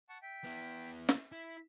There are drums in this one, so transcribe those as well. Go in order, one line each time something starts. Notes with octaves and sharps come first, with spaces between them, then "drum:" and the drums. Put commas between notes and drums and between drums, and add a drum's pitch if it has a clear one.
F#5 A5 C#6
E5 G5
B3 E4
drum: snare
E4 E5